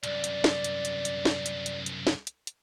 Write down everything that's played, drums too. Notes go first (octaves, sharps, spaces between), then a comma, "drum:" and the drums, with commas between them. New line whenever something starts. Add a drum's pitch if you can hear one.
C2 F#2 D5, drum: hi-hat
drum: hi-hat
drum: snare
drum: hi-hat
drum: hi-hat
drum: hi-hat
drum: snare
drum: hi-hat
drum: hi-hat
drum: hi-hat
drum: snare
drum: hi-hat
drum: hi-hat